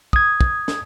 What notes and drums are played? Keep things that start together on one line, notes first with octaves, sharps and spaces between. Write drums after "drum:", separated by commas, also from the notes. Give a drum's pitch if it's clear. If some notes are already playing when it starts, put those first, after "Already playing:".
D#6 G#6, drum: kick
drum: kick
drum: snare